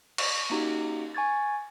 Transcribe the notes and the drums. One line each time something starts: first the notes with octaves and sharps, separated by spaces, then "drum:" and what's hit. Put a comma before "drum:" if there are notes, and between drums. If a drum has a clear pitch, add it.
C#6, drum: cymbal
A#3 C#4 D#4 F#4 G4
G#5 C#6 G#6 A6